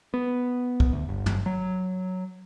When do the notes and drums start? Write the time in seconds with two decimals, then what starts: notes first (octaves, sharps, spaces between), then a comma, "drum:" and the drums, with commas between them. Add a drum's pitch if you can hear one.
0.14 B3
0.80 drum: kick
0.93 D2
1.09 G1
1.26 drum: tom
1.46 F#3